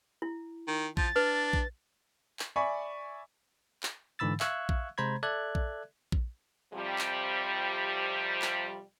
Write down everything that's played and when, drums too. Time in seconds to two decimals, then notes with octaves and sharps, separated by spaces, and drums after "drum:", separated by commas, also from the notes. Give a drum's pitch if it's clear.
0.22 E4
0.68 D#3
0.97 F3 A6, drum: kick A#1
1.16 D4 B4
1.53 drum: kick A#1
2.39 drum: clap
2.56 D5 E5 G#5 B5 C#6
3.83 drum: clap
4.19 G#2 D3 E3 B5 E6 A6
4.40 E5 F5 C#6 E6 F#6 G#6, drum: clap
4.69 drum: kick A#1
4.98 C3 G#3 C5 A#5 B5 G#6
5.23 A4 D5 E5 F#6 G#6
5.55 drum: kick A#1
6.12 drum: kick A#1
6.74 F2 C3 F3 G3
6.98 drum: clap
8.42 drum: clap